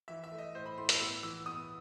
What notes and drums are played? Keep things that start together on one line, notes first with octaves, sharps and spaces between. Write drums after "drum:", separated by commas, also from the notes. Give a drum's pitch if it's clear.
E3 E5
E5
A3
D#5
A2 C5
B5
A2 C6
E6, drum: hi-hat
B3 E6
E3 E6
B3 D#6